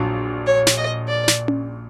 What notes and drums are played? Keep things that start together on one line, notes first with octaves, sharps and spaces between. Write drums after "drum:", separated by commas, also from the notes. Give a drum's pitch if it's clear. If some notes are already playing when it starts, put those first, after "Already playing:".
Already playing: A#1 A#2 F#3 A#3 D4
C#5
drum: snare
D#5
D5
drum: snare
drum: tom C#4